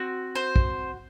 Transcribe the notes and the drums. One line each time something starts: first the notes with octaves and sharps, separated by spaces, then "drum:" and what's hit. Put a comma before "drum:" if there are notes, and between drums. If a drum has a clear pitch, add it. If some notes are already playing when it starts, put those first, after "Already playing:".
Already playing: C4 F#4
C5
drum: kick